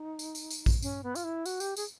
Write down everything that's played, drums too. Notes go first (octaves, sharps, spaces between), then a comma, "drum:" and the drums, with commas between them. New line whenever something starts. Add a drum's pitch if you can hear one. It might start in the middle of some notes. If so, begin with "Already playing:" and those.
Already playing: D#4
drum: tambourine
drum: tambourine
drum: tambourine
drum: kick, tambourine
C#4, drum: tambourine
B3
F4, drum: tambourine
E4
F#4, drum: tambourine
G4, drum: tambourine
G#4, drum: tambourine